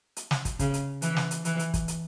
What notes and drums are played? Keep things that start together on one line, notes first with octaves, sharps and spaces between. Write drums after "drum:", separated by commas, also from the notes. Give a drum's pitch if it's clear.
drum: hi-hat
drum: snare
drum: kick, hi-hat
C#3, drum: kick, hi-hat
drum: hi-hat
E3, drum: hi-hat
drum: snare
drum: hi-hat
E3, drum: hi-hat
drum: hi-hat
drum: kick, hi-hat
drum: hi-hat